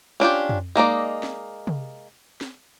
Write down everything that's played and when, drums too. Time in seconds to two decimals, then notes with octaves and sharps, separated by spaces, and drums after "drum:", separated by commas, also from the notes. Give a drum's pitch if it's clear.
0.20 C#4 D4 F4 G4
0.49 drum: tom
0.76 G#3 A#3 D#4 D5
1.23 drum: snare
1.67 drum: tom C3
2.41 drum: snare